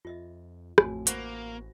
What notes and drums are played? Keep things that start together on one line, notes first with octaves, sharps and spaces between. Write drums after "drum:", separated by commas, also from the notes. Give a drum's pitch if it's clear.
F2 F4 D#5 E5
A1 F2 A2 A3 F#4 G#5, drum: rim click
A#3 C5 F#5 B5 C#6 A#6, drum: hi-hat